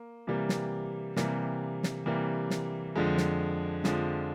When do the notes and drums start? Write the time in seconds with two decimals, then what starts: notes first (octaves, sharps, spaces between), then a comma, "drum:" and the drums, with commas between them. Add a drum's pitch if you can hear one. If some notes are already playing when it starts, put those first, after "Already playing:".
Already playing: A#3
0.27 C3 E3 G3 A#3
0.49 drum: snare
1.16 C3 E3 G3 A#3, drum: snare
1.83 drum: snare
2.06 C3 E3 G3 A#3
2.50 drum: snare
2.96 F2 D3 F3 G#3
3.18 drum: snare
3.84 F2 D3 F3 G#3, drum: snare